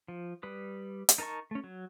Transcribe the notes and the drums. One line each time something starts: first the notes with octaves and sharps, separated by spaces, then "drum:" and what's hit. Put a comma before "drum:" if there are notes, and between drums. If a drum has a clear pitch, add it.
F3
G3 B4 D#6
drum: hi-hat
D#4 A#4 A5 A#5 C#6
A3 C#4
F#3